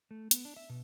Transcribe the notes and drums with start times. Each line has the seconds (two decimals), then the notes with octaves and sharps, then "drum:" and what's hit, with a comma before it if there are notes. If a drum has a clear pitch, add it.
0.11 A3
0.31 B3, drum: hi-hat
0.45 D4
0.56 E5
0.70 B2